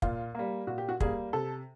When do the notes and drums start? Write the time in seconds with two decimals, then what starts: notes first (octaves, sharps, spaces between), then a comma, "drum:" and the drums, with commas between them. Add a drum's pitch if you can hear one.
0.02 A#2 F4, drum: kick
0.35 G3 A#3
0.67 A#2 F#4
0.78 G4
0.89 F#4
1.00 G3 A#3 G#4, drum: kick
1.33 C3 A4